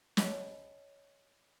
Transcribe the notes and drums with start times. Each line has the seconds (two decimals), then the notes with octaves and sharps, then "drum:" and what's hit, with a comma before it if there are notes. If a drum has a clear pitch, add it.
0.17 C#5 D#5 F#5 G#5 A5 B5, drum: snare